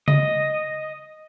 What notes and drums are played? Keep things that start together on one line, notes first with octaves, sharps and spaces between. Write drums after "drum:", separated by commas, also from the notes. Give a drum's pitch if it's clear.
D#5, drum: tom C#3